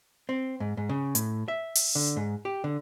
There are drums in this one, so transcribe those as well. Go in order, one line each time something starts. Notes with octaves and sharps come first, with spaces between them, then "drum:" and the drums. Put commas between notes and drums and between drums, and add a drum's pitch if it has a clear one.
C4
G#2
G#2
C#3
A2, drum: hi-hat
E5
drum: open hi-hat
D3
G#2
G4
D3